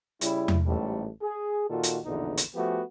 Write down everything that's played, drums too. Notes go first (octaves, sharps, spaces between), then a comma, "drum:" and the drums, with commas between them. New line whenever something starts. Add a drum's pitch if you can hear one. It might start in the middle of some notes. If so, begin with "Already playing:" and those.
C#3 G3 E4, drum: hi-hat
drum: tom E2
A1 G#2 G3 A3 A4
G#4
A#2 D#3 F4 F#4 A4
drum: hi-hat
A#1 E2 B2 D3 D#4
drum: hi-hat
F3 A3 B3 F#4 G4